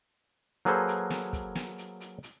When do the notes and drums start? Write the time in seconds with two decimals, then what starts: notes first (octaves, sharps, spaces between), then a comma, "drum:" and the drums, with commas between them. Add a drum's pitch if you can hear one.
0.65 F#3 A#3 G#4 A4 B4 C5, drum: hi-hat
0.88 drum: hi-hat
1.10 drum: snare
1.33 drum: kick, hi-hat
1.55 drum: snare
1.78 drum: hi-hat
2.00 drum: hi-hat
2.23 drum: hi-hat